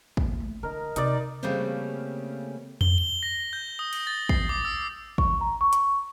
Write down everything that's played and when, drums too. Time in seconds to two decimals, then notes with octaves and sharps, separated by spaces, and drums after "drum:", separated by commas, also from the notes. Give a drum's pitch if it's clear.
0.17 A#1 F2, drum: kick
0.40 A3
0.63 D3 A#4 D#5
0.96 C3 D#4 D5, drum: hi-hat
1.43 C#3 G3 A3 A#3 C4 C#4
2.81 G7, drum: tom F2
2.98 G7
3.23 A#6
3.53 G6
3.79 D#6
3.93 drum: cymbal
4.07 A6
4.29 C7, drum: kick
4.49 D6
4.65 E6
5.18 C#6, drum: kick
5.41 A#5
5.61 C#6
5.73 drum: hi-hat